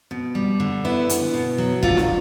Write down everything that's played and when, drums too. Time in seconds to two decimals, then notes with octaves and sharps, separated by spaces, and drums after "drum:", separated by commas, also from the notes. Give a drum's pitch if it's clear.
0.11 B2
0.35 G3
0.60 D3
0.85 B3 E4
1.09 B3, drum: hi-hat
1.34 B2
1.58 F#3
1.83 D3 F4, drum: kick
1.97 drum: snare